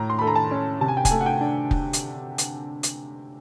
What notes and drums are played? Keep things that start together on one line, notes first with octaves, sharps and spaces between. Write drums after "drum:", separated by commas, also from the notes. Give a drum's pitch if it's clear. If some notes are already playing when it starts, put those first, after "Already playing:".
Already playing: A2 A#5
C6
A3 B5
A#5
A5
C#4
C3 A5
G#5
G5
G#5, drum: kick, hi-hat
A3
F#5
G5
D4
drum: kick
drum: hi-hat
drum: hi-hat
drum: hi-hat